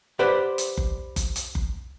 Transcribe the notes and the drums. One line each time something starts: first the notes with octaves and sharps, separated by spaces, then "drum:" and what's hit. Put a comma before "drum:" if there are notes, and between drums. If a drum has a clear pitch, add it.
G4 B4 C5 D5 F#5
drum: hi-hat
drum: kick F#1
drum: kick F#1, hi-hat
drum: hi-hat
drum: kick F#1